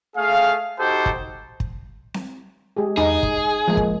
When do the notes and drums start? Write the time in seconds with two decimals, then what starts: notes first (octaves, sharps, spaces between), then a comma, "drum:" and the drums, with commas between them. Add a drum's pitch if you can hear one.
0.16 A3 G#4 F5
0.79 D#4 F#4 G4 A4 C5
1.06 drum: kick
1.60 drum: kick
2.14 drum: snare C4
2.77 G#3 G4 G#4
2.97 D#4 G#4, drum: tom E2
3.23 drum: kick
3.68 F3 G#3 A#3
3.77 drum: kick